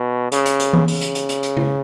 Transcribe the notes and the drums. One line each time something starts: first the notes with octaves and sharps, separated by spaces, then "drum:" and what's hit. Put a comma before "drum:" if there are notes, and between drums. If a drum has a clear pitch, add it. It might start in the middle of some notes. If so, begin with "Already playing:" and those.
Already playing: B2
C#3, drum: hi-hat
drum: hi-hat
drum: hi-hat
drum: tom E3
C#3, drum: open hi-hat
drum: hi-hat
drum: hi-hat
drum: hi-hat
drum: hi-hat
drum: tom C#3